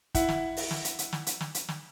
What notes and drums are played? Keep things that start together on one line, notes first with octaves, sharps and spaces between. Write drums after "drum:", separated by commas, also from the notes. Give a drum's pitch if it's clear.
E4 F#5, drum: kick, hi-hat
drum: snare
drum: open hi-hat
drum: snare
drum: hi-hat
drum: hi-hat
drum: snare
drum: hi-hat
drum: snare
drum: hi-hat
drum: snare